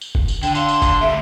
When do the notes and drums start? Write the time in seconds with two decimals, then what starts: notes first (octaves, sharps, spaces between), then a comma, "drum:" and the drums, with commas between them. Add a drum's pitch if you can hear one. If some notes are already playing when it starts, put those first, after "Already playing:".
0.01 drum: tambourine
0.15 drum: kick
0.28 drum: tambourine
0.43 D3 G5, drum: tambourine
0.55 F5 C6, drum: tambourine
0.69 drum: tambourine
0.82 drum: kick, tambourine
1.01 G3 A3 E5